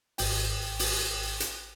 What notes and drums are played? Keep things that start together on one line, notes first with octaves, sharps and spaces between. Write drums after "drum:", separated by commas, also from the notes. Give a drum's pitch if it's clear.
G#1 G5, drum: open hi-hat
drum: open hi-hat
drum: hi-hat